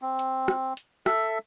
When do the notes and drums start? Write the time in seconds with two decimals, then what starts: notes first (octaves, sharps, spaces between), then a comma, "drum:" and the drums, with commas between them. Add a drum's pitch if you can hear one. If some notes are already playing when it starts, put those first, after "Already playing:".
0.02 C4
0.19 drum: hi-hat
0.48 drum: rim click
0.77 drum: hi-hat
1.06 A4 E5, drum: rim click